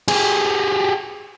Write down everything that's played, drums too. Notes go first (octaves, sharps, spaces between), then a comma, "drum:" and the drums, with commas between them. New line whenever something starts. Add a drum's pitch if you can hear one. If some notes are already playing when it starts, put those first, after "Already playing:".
G4 G#4, drum: cymbal